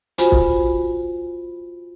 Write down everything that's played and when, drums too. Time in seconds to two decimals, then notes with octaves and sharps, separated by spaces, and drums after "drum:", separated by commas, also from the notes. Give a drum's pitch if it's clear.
0.18 F4 F#4 C5 G#5 B5, drum: hi-hat
0.32 drum: kick